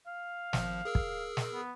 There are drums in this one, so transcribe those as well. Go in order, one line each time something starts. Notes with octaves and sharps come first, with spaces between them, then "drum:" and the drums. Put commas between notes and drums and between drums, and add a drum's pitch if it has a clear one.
F5
G#1 F3, drum: snare
G#4 A#4 E6
drum: kick
drum: snare
B3